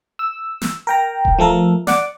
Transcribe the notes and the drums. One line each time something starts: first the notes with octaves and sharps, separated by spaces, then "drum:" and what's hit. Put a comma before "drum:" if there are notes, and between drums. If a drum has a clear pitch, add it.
E6
drum: snare
A#4 G5 A#5
drum: kick D#1
F3 A3 A4 A#4
D5 F#5 D6, drum: snare